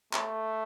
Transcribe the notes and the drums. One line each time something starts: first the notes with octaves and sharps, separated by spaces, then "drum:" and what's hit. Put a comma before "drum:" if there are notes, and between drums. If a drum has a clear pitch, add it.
A3, drum: clap